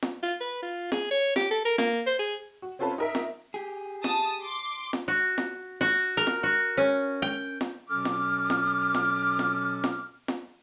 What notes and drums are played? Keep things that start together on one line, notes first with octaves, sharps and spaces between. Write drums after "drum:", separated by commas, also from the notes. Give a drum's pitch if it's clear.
drum: snare F4
F4
B4
F4
G#4, drum: snare F4
C#5
G4, drum: snare F4
A4
A#4
A#3, drum: snare F4
C5
G#4
F#4
C4 C#4 F4 A4 B4 A5
D#4 A#4 E5
drum: snare F4
G4 G#4
A5 D#6, drum: snare F4
C6 D6
drum: snare F4
F#4
drum: snare F4
F#4, drum: snare F4
A#4
drum: snare F4
F#4
C#4
G5
drum: snare F4
B2 F#3 C#4 A4 D6 F6
drum: snare F4
drum: snare F4
drum: snare F4
drum: snare F4
drum: snare F4
drum: snare F4